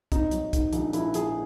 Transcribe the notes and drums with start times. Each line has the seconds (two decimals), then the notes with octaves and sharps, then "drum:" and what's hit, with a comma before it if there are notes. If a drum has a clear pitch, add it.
0.12 G#2 D#4, drum: kick, hi-hat
0.31 F#3, drum: hi-hat
0.53 G#2, drum: kick, hi-hat
0.73 A#1, drum: hi-hat
0.93 A#1 E4, drum: hi-hat
1.14 A#1 G#4, drum: hi-hat